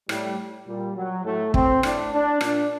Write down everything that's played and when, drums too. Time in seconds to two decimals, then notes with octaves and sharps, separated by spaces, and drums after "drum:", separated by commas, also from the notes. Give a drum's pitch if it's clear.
0.09 A2 G3, drum: rim click
0.67 A#2 G3
0.95 F#3
1.24 A2 A3
1.54 C4, drum: kick
1.83 A2 D4, drum: rim click
2.12 D4
2.41 A#2 D4, drum: rim click